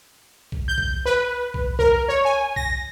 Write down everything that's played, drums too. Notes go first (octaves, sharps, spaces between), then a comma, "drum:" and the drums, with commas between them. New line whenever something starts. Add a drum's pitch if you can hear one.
drum: kick C2
G6
drum: kick C2
B4
drum: kick C2
A#4, drum: kick C2
C#5
G#5
A#6, drum: kick C2